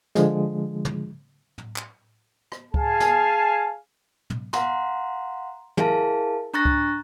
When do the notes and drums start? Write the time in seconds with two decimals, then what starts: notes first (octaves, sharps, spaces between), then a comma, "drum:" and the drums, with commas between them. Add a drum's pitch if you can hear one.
0.15 D3 F3 G#3, drum: snare
0.85 drum: tom
1.58 drum: tom
1.76 drum: clap
2.52 drum: rim click
2.74 G#4 F5 G#5 A5, drum: kick C#2
3.00 drum: snare
4.30 drum: tom
4.53 F5 F#5 A#5 C6, drum: snare
5.77 E4 G#4 A#4 F5 A5, drum: tom
6.54 D4 A#5 C#6 F#6 A6 A#6
6.65 drum: kick C#2